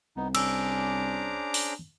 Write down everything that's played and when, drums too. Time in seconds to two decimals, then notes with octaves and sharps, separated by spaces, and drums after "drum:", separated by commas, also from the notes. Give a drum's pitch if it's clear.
0.16 C2 B3 D#4
0.35 C#4 D4 G#4 C5 A#5 D6 E6, drum: cymbal
1.54 drum: open hi-hat